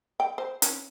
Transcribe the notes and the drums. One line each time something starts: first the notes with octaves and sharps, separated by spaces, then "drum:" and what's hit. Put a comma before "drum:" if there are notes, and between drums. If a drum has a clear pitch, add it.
G5
C5
C#4, drum: hi-hat